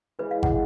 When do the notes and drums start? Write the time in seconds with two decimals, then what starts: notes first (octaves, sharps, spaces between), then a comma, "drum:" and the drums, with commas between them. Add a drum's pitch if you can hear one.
0.19 C#3 E3 G#3 B4
0.31 F5
0.43 F#5, drum: kick G#1